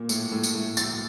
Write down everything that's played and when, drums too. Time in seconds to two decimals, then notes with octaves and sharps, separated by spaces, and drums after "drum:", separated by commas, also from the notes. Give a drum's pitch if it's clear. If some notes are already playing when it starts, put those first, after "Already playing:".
Already playing: A#2
0.09 A2, drum: tambourine
0.32 A2
0.43 drum: tambourine
0.55 A2
0.77 A2 A6, drum: tambourine